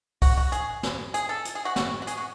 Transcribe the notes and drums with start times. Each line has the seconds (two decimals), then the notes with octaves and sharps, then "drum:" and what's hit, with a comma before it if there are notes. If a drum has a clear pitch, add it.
0.22 F#4, drum: kick C2, open hi-hat
0.37 F#4
0.52 G#4, drum: hi-hat
0.83 drum: snare
1.14 G#4, drum: hi-hat
1.29 A4
1.45 drum: hi-hat
1.55 G#4
1.65 F#4
1.76 F#4, drum: snare
2.02 F#4
2.07 G#4, drum: hi-hat
2.17 F#4